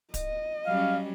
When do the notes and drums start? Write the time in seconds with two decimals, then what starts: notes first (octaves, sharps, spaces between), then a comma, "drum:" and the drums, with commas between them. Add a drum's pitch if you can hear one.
0.14 D#5, drum: kick D1, hi-hat
0.66 F#3 G3 C#4 F5